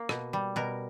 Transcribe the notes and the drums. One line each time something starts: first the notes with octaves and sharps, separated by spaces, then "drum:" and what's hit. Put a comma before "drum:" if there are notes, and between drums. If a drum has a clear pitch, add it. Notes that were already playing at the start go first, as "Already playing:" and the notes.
Already playing: A#3
B2, drum: rim click
G3
B2 A#4